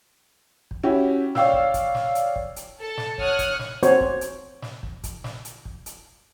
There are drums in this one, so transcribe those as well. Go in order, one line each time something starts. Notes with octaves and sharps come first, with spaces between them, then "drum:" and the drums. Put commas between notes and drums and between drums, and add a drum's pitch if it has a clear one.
drum: kick
C#4 E4 F#4 G4
C#5 D5 F5 G5 E6, drum: snare
drum: kick
drum: kick, hi-hat
drum: snare
drum: hi-hat
drum: kick
drum: hi-hat
A4 A5
drum: snare
C#5 F#5 C#6 D#6 F6 F#6, drum: kick
drum: kick, hi-hat
drum: snare
C4 F#4 C5 C#5, drum: hi-hat
drum: kick
drum: hi-hat
drum: snare
drum: kick
drum: kick, hi-hat
drum: snare
drum: hi-hat
drum: kick
drum: hi-hat